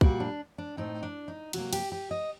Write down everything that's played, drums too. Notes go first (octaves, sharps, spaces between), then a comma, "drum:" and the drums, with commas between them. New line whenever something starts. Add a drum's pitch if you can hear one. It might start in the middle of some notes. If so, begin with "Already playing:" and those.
A#2 G3 A#3 F#4, drum: kick
D4
D4
A2 A3 C4 D#4
D4
D#4
C3 F#3 A#3 F#4, drum: cymbal
G4, drum: cymbal
G4
D#5